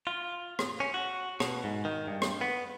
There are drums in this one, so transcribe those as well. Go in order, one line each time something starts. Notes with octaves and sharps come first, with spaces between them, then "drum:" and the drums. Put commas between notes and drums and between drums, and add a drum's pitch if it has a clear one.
F4
drum: rim click
C#4
F#4
B2, drum: rim click
G#2
D#3
G2
drum: rim click
B3